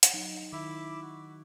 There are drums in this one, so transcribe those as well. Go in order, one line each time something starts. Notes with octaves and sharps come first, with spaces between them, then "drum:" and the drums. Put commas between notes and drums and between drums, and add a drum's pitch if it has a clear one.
drum: hi-hat
F#3 D#4
D#3 E4 E5 D6
F#4